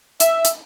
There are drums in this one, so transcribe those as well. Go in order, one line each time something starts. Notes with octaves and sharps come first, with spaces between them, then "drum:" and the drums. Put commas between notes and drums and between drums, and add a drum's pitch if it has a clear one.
E5, drum: hi-hat
drum: hi-hat